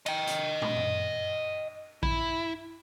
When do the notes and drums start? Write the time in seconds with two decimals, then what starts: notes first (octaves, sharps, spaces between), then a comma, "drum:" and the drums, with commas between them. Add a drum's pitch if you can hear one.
0.06 D#5 G5, drum: cymbal
0.27 drum: hi-hat
0.62 drum: tom
0.76 drum: tom F#2
2.03 E4, drum: kick A#1